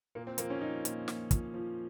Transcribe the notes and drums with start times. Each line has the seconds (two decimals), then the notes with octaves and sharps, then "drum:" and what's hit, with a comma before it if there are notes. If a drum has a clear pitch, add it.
0.15 A#2 A#3
0.27 C4
0.38 F3 A#3, drum: hi-hat
0.50 C#4
0.61 F3 D#4
0.85 A#2, drum: hi-hat
1.08 A#2, drum: snare
1.31 F3, drum: kick, hi-hat
1.54 F3